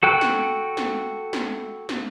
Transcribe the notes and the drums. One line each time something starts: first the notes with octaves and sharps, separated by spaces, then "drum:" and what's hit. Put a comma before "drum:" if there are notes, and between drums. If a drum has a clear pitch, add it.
F#4 A4 G5 F#6
drum: snare
drum: snare
drum: snare
drum: snare